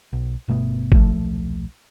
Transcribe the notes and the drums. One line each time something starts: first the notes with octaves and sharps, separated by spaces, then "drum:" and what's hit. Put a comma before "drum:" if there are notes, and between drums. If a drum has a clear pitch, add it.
B1
G1 B2 A3 B3
D#1 B1 F3 A3, drum: kick